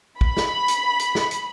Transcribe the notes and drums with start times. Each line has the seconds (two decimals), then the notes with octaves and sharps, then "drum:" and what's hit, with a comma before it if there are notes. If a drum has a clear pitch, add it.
0.21 B5, drum: kick
0.37 drum: snare
0.68 drum: hi-hat
0.99 drum: hi-hat
1.15 drum: snare
1.31 drum: hi-hat